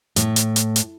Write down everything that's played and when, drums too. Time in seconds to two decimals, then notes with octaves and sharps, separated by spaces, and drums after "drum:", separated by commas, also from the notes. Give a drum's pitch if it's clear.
0.16 A2, drum: hi-hat
0.36 drum: hi-hat
0.56 drum: hi-hat
0.76 drum: hi-hat